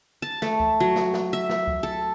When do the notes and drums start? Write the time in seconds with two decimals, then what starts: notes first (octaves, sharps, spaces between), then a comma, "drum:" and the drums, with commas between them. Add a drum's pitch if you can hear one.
0.22 A5
0.42 A3, drum: snare
0.60 drum: kick C#2
0.80 F#3
0.96 drum: snare
1.14 drum: snare
1.33 E5
1.50 drum: snare
1.67 drum: kick C#2
1.83 A4